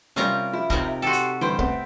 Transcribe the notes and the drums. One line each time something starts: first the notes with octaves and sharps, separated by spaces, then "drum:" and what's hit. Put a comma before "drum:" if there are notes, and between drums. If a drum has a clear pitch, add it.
C3 G3 C4 C#4 F4 A#4
F3 E4
C3 D#4 A#4, drum: kick
F#4 G4 A4 C6
drum: hi-hat
G2 D3 E3 B4 C5 E5 G5
A3 B3 C4, drum: kick